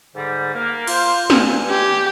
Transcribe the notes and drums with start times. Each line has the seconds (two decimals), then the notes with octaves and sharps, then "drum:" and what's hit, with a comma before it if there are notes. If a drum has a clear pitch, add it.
0.15 G#2 D3 G3
0.55 A#3
0.87 F4 C5, drum: cymbal
1.30 G2 E3 G#5, drum: snare
1.69 G4